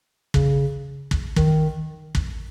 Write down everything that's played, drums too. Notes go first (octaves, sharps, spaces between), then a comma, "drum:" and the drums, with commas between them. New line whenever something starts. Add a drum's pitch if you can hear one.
C#3, drum: kick
drum: kick
D#3, drum: kick
drum: kick